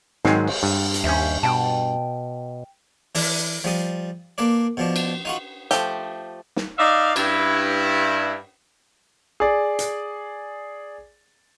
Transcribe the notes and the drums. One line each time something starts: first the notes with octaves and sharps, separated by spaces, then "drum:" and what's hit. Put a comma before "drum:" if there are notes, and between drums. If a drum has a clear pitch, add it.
G#2 D#3 F#3 G#3 C4, drum: snare
drum: cymbal
G2
drum: hi-hat
D#2 C#4 C5 E5
B2 G5 A5
E3 D4, drum: open hi-hat
F3 G3 D#6
A#3 D4 B4 D5
B2 F3 D4
drum: cymbal
D#4 F4 F#4
F3 A3 G4, drum: hi-hat
drum: snare
D#4 D5 E5 F5
G2 E4, drum: cymbal
G#4 D5
drum: hi-hat